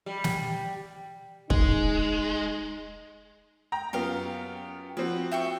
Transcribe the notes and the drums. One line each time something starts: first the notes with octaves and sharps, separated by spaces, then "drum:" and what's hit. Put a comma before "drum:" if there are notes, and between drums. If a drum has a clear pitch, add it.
G3
drum: snare
G#3 D#4, drum: kick
G5 A#5
F#2 B3 F4 G4 F5
F3 C4 F#4 B4
E5 G5 C#6